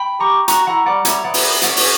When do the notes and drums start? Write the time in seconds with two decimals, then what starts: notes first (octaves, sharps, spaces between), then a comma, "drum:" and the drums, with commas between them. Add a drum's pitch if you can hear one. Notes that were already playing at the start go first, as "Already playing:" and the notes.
Already playing: G5 B5
0.20 G4 A#5 C#6
0.48 F#4 A#5 C#6, drum: hi-hat
0.67 E4 F#5 A#5
0.86 G3 D5 F#5
1.05 G3 C#5 E5, drum: hi-hat
1.24 B3 D5 F#5
1.34 drum: open hi-hat
1.43 B3
1.62 C#4 D5 F#5, drum: hi-hat
1.77 drum: open hi-hat